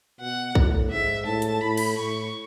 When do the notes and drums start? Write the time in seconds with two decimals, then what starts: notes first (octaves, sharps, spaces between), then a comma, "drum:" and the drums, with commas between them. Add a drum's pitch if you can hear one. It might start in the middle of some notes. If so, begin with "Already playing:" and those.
0.20 B2 F#5
0.55 A2, drum: kick A#1
0.91 G#2 E5
1.26 A2 A5
1.42 drum: hi-hat
1.61 A2 B5
1.77 drum: cymbal
1.97 A2 C#6